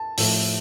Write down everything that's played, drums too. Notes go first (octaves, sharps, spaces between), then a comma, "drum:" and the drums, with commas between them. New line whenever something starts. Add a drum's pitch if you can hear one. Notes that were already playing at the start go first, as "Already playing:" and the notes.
Already playing: A5
A2 F3 A3, drum: open hi-hat